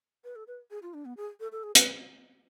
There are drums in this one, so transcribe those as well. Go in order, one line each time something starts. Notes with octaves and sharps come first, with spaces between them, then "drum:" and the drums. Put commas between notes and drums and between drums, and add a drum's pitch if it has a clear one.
B4
A4
B4
G#4
F4
D4
B3
G#4
A4
A4
G#4
B4, drum: hi-hat